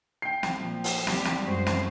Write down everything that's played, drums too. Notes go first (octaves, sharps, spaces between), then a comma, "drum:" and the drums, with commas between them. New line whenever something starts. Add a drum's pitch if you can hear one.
G5 C7
drum: snare
A#2 F3
drum: open hi-hat
G3 G4, drum: snare
drum: snare
F#2 G#3 F#4 C5
drum: snare